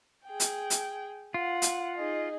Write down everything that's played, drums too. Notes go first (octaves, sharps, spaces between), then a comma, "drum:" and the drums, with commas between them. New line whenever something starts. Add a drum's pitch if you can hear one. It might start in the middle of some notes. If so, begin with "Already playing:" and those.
G#4 G5
drum: hi-hat
drum: hi-hat
F4 F#5
drum: hi-hat
D#4 G#4 D#5